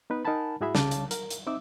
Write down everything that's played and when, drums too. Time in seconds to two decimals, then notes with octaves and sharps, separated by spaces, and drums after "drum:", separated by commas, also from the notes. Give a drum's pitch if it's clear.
0.10 B3 D#4 B4
0.25 D#4 A#4 F#5 G#5 A5 B5
0.60 G#2 E4 F#4 G#4 E5 B5
0.75 C2 C#3 C#5 F5 A5 D6, drum: snare
0.91 drum: hi-hat
1.11 A#4, drum: hi-hat
1.30 drum: hi-hat
1.47 C4 D#4 E5 D6 E6